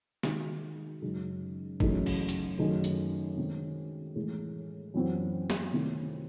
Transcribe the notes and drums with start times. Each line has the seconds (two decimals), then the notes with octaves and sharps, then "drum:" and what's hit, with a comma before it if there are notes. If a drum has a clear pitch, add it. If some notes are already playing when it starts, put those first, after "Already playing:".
0.23 D#3 G#3 D#4 F#4, drum: snare
1.02 F#2 C#3 G#3 D#4
1.80 F#2 C#3 E3 A3 D#4, drum: kick
2.06 drum: cymbal
2.29 drum: hi-hat
2.59 F#2 D#3 A3 D#4 G#4
2.84 drum: hi-hat
3.37 D#3 G#3 C4
4.16 A2 E3 G#3
4.94 F#2 E3 C4 F#4
5.50 drum: snare
5.72 C3 D#3 A3 C4 E4